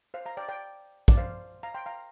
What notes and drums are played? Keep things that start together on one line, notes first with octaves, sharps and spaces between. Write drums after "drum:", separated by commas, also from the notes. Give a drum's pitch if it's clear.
C5 F5
F5 A#5
D5 G5
D5 G5
D5, drum: kick
C5 F5
F5 A#5
G5 C6
F5 A#5